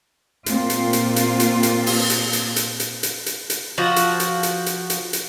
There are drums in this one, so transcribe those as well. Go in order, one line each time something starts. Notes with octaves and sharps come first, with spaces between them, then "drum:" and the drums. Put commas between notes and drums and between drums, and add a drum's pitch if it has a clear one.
A#2 C4 F4, drum: hi-hat
drum: hi-hat
drum: hi-hat
drum: hi-hat
drum: hi-hat
drum: hi-hat
drum: open hi-hat
drum: hi-hat
drum: hi-hat
drum: hi-hat
drum: hi-hat
drum: hi-hat
drum: hi-hat
drum: hi-hat
F3 F#4
drum: hi-hat
drum: hi-hat
drum: hi-hat
drum: hi-hat
drum: hi-hat
drum: hi-hat